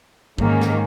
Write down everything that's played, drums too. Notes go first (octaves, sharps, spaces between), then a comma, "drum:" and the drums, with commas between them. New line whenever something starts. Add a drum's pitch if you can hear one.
G#2 D#3 A#3 C#4, drum: kick
drum: snare